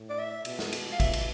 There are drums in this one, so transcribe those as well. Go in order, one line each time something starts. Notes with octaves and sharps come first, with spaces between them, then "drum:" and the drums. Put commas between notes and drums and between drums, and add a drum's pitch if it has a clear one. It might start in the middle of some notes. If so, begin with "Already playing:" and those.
Already playing: A2
D5
E5
B2, drum: cymbal
drum: snare
drum: cymbal
F5
B2 E5, drum: kick, cymbal
drum: cymbal